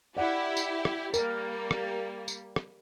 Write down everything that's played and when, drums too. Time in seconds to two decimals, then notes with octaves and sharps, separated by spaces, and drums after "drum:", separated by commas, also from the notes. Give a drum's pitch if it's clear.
0.17 E4 G4 D5 F#5
0.57 drum: tambourine
0.85 drum: rim click
1.14 G3 A#3 A#4, drum: tambourine
1.71 drum: rim click
2.28 drum: tambourine
2.56 drum: rim click